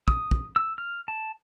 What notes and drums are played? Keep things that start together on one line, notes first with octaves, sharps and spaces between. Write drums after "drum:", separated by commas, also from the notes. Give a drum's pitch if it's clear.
D#6, drum: kick
drum: kick
E6
F6
A5